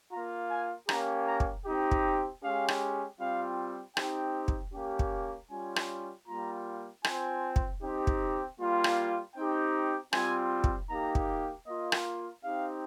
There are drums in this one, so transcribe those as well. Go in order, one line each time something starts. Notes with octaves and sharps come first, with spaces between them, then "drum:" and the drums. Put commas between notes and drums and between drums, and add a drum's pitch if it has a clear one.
A#3 F4 A#5
G#5
A#3 C#4 G4 A#5, drum: rim click
A#5
drum: kick
C4 D#4 G4
drum: kick
G#3 C#4 G4 F5
drum: rim click
G3 C4 F4 F5
C4 D#4 G4 G5, drum: rim click
drum: kick
A#3 C#4 G4
drum: kick
G3 C#4 F4 G#5
drum: rim click
G3 A#3 F4 A#5
C4 F4 G#5, drum: rim click
drum: kick
C4 D#4 G4
drum: kick
G3 A#3 F4
drum: rim click
C4 D#4 G4 G5
G3 C4 F4 G#5, drum: rim click
drum: kick
A#3 D#4 G4 A#5
drum: kick
A#3 F4 D#5
drum: rim click
C4 D#4 G4 F5